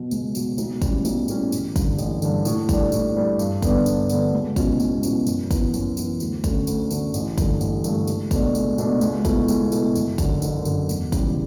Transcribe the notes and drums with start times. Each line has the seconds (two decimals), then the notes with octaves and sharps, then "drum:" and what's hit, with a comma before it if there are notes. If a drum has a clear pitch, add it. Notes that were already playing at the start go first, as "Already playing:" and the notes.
Already playing: B2 F#3
0.11 C#2, drum: tambourine
0.35 B2 F#3, drum: tambourine
0.58 B1, drum: tambourine
0.82 A2 G3 C#4, drum: kick, tambourine
1.05 B1, drum: tambourine
1.28 A2 G3 C#4, drum: tambourine
1.52 A1, drum: tambourine
1.76 G2 D3, drum: kick, tambourine
1.98 A1, drum: tambourine
2.22 G2 D3, drum: tambourine
2.45 A2, drum: tambourine
2.69 G3 D4, drum: kick, tambourine
2.92 A2, drum: tambourine
3.16 G3 D4
3.39 G2, drum: tambourine
3.62 D3 G3 B3 D4, drum: kick, tambourine
3.86 G2, drum: tambourine
4.09 D3 G3 B3 D4, drum: tambourine
4.33 C#2
4.56 B2 F#3 C#4 E4, drum: kick, tambourine
4.80 C#2, drum: tambourine
5.03 B2 F#3 C#4 E4, drum: tambourine
5.27 F#2, drum: tambourine
5.51 E3 B3, drum: kick, tambourine
5.74 F#2, drum: tambourine
5.97 E3 B3, drum: tambourine
6.20 D2, drum: tambourine
6.44 D3 A3 C#4, drum: kick, tambourine
6.67 D2, drum: tambourine
6.91 D3 A3 C#4, drum: tambourine
7.14 A1, drum: tambourine
7.38 G2 D3 A3, drum: kick, tambourine
7.61 A1, drum: tambourine
7.84 G2 D3 A3, drum: tambourine
8.07 C#2, drum: tambourine
8.31 B2 A3 D4, drum: kick, tambourine
8.55 C#2, drum: tambourine
8.78 B2 A3 D4, drum: tambourine
9.01 C#2, drum: tambourine
9.25 B2 A3 E4, drum: kick, tambourine
9.48 C#2, drum: tambourine
9.72 B2 A3 E4, drum: tambourine
9.95 F#1, drum: tambourine
10.18 F#2 D3, drum: kick, tambourine
10.42 F#1, drum: tambourine
10.65 F#2 D3, drum: tambourine
10.89 E1, drum: tambourine
11.12 E2 C#3 G3, drum: kick, tambourine